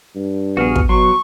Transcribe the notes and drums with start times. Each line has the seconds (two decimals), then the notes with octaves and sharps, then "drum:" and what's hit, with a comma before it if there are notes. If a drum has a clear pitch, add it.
0.15 G2
0.57 A#1 B3 F#4 G#4 F6
0.76 drum: kick
0.89 B2 F#3 C6 C#6